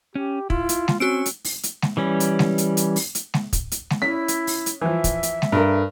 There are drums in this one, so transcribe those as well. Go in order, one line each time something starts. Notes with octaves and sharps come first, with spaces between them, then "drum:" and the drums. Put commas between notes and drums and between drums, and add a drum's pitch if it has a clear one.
C#4 G4
E4 F4, drum: kick
drum: hi-hat
drum: snare G#3
C4 C#4 F#4 E6 D7
drum: hi-hat
drum: open hi-hat
drum: hi-hat
drum: snare G#3
E3 G3 C#4
drum: hi-hat
drum: snare G#3
drum: hi-hat
drum: hi-hat
drum: open hi-hat
drum: hi-hat
drum: snare G#3
drum: kick, hi-hat
drum: hi-hat
drum: snare G#3
C#4 E4 B6
drum: hi-hat
drum: open hi-hat
drum: hi-hat
E3 F3 E5
drum: kick, hi-hat
drum: hi-hat
drum: snare G#3
G2 A4 A#4